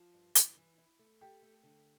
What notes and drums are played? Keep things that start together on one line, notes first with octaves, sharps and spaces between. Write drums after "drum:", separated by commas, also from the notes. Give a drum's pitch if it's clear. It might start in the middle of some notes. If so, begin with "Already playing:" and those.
Already playing: F3
G2
E3, drum: hi-hat
E3
E4
A3
G4 A4
A3
D3